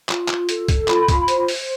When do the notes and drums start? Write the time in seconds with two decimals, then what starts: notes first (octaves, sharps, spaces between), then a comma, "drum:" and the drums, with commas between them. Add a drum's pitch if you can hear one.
0.09 F4, drum: clap
0.28 drum: clap
0.49 A4, drum: hi-hat
0.68 drum: kick, hi-hat
0.88 F4 B5, drum: clap
1.08 drum: kick, hi-hat
1.28 C5, drum: hi-hat
1.48 drum: open hi-hat